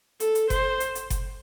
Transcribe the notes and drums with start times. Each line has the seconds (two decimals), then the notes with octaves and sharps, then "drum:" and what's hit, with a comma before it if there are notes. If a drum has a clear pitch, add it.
0.20 A4, drum: hi-hat
0.35 drum: hi-hat
0.50 C5, drum: kick F#1, hi-hat
0.80 drum: hi-hat
0.95 drum: hi-hat
1.10 drum: kick F#1, hi-hat